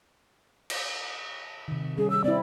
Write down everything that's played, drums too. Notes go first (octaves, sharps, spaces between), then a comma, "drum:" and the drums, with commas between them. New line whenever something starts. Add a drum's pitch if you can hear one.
drum: cymbal
C3 D#3
G3 C#4 G#4
E6
C4 E4 D5